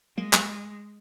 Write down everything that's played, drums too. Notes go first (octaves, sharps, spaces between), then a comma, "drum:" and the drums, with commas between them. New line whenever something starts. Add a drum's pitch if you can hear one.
F#3 G#3 A#3
F#3 A#3, drum: clap